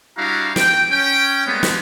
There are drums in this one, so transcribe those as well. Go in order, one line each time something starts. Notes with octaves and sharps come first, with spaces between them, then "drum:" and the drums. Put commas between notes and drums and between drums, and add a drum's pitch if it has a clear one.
G3 D4 E4 F#4 F5 A#5
G5, drum: snare
C#4 G5
G3 G#3 A#3 B3
drum: snare